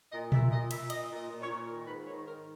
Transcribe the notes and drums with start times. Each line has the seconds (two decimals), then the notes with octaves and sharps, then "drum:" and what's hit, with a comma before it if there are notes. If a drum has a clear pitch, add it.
0.12 A#2 D#5
0.32 A#2 E5, drum: tom A#2
0.51 A#2 D#5
0.71 A#2 E5, drum: cymbal
0.90 A#2 D#5, drum: cymbal
1.10 A#2
1.16 D#5
1.29 A#2
1.42 C#5
1.48 A#2
1.67 D#3 A#4
1.87 G#2 B4
2.07 D#3 C#5
2.26 D#3 A#4